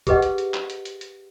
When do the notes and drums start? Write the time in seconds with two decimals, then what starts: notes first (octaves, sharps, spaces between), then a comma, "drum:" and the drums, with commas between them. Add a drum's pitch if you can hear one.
0.07 G4 G#4 B4 D#5 F#5, drum: kick, hi-hat
0.22 drum: hi-hat
0.38 drum: hi-hat
0.54 drum: clap
0.70 drum: hi-hat
0.85 drum: hi-hat
1.01 drum: hi-hat